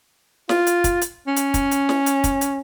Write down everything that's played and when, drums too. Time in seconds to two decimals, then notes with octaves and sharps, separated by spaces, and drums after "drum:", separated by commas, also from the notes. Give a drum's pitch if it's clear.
0.49 F4, drum: snare
0.67 drum: hi-hat
0.84 drum: kick, hi-hat
1.02 drum: hi-hat
1.27 C#4
1.37 drum: hi-hat
1.54 drum: kick, hi-hat
1.71 drum: hi-hat
1.89 drum: snare
2.06 drum: hi-hat
2.24 drum: kick, hi-hat
2.41 drum: hi-hat